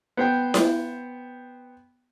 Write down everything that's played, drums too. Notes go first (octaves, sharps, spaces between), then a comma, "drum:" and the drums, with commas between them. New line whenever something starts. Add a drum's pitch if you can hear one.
B3 C5 G5
drum: snare E4